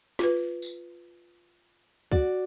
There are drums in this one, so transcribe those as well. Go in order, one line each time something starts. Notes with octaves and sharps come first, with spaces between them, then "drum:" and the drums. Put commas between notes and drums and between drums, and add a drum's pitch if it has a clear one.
F4 B4, drum: snare
drum: tambourine
F#4 D5, drum: kick